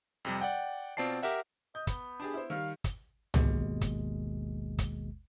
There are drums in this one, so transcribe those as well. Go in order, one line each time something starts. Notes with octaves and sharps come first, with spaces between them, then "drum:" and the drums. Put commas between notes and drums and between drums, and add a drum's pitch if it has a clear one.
F2 C3 G3
D5 F#5 G5
B2 C4 F4 D5 A5 C7
G4 A#4 E5 F#5
D#5 G6
B3, drum: kick, hi-hat
D4 G4 G#4
E4 C5
D#3 G3 F5
drum: kick, hi-hat
G#1 D#2 B2 G#3, drum: tom C2
drum: kick, hi-hat
drum: kick, hi-hat